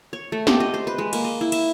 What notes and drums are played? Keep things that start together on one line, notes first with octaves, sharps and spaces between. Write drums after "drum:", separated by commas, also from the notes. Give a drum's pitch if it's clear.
C#5
A3
G4, drum: snare
D#5
C5
B4
G#3
A#3, drum: cymbal
D#5
E4
E5, drum: cymbal